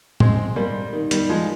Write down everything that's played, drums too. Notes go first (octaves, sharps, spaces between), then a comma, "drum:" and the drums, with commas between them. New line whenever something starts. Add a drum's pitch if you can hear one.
G#3 C4, drum: tom
G3 A#3
D#3
D#3 G3, drum: hi-hat
F3 G#3